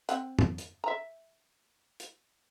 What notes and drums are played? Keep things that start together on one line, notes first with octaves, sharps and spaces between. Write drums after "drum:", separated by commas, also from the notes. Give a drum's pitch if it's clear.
C4 F#5, drum: hi-hat
drum: tom F#2
drum: hi-hat
E5 A#5
drum: hi-hat